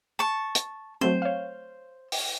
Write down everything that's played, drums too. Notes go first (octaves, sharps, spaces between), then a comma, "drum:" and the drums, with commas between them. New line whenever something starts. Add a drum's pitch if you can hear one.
A5 C#6
drum: hi-hat
F#3 A3 C4 C5
C#5 F5
drum: open hi-hat